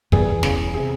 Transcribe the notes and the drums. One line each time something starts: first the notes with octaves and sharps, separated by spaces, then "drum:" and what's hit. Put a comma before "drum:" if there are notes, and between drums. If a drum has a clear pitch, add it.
E2 C#3 E3 G3 G#4, drum: kick
E1 E2 C#3, drum: snare
C3 G#4